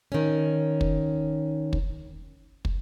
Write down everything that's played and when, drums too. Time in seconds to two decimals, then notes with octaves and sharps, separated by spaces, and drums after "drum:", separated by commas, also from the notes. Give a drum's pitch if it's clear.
0.12 D#3 C#4
0.81 drum: kick
1.73 drum: kick
2.65 drum: kick